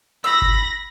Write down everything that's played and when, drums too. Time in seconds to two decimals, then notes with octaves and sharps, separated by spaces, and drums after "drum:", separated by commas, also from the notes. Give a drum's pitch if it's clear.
0.24 B5 E6 A#6
0.42 drum: kick G1